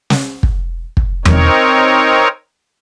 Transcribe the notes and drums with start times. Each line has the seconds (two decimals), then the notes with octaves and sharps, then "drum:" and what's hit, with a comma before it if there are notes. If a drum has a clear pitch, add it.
0.10 drum: snare
0.43 drum: kick
0.97 drum: kick
1.25 C4 D#4 A#4 C#5, drum: tom E2